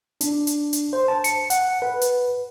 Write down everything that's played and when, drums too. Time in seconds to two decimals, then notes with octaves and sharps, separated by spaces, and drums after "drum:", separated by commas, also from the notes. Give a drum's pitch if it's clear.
0.21 D4, drum: hi-hat
0.47 drum: hi-hat
0.73 drum: hi-hat
0.93 C5
1.08 A5
1.24 C#7, drum: hi-hat
1.50 F#5, drum: hi-hat
1.82 B4
2.01 drum: hi-hat